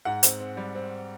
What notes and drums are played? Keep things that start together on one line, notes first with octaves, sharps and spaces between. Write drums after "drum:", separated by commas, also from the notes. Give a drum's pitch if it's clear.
G#2 F#5
C4, drum: hi-hat
C4
G3
C4